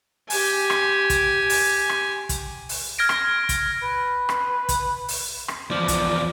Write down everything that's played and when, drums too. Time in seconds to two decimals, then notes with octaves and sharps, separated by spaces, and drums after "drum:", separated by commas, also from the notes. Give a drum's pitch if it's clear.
0.30 G4 G#5, drum: open hi-hat
0.70 drum: rim click
1.10 drum: kick, hi-hat
1.50 drum: open hi-hat
1.89 drum: rim click
2.29 drum: kick, hi-hat
2.69 drum: open hi-hat
2.99 F6 G#6 A#6 D7
3.09 drum: rim click
3.49 drum: kick, hi-hat
3.82 B4
4.29 drum: rim click
4.69 drum: kick, hi-hat
5.08 drum: open hi-hat
5.48 drum: rim click
5.71 E2 F3 D5
5.88 drum: kick, hi-hat